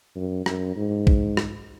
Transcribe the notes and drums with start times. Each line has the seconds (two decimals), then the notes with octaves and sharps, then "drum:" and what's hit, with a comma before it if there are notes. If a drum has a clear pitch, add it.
0.16 F#2
0.46 F#2, drum: rim click
0.76 G#2
1.07 drum: kick
1.37 drum: rim click